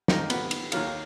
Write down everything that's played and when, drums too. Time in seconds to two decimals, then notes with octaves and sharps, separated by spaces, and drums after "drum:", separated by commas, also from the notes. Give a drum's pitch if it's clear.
0.08 D#2 D#3 A#3 D#4, drum: snare
0.30 B3, drum: cymbal
0.51 drum: cymbal
0.72 D#2 D#3 F#3 A#3 F4, drum: cymbal